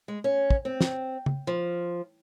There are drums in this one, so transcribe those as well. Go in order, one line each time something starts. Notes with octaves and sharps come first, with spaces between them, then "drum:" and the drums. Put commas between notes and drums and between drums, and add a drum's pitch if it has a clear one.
G#3
C#4
drum: kick
C4
drum: snare
drum: tom C#3
F3